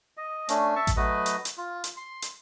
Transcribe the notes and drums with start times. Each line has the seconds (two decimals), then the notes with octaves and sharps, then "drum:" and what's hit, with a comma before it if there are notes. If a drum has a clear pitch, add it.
0.17 D#5
0.49 A3 C#4 D4, drum: hi-hat
0.76 E5 A5 C#6
0.87 drum: kick A1, hi-hat
0.96 F#3 A3 B4 D#5
1.26 drum: hi-hat
1.45 drum: hi-hat
1.57 F4
1.84 drum: hi-hat
1.97 C6
2.22 drum: hi-hat